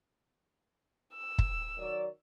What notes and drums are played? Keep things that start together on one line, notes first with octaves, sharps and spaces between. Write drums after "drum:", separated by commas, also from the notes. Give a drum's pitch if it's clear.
E6
drum: kick
D#3 F#3 D5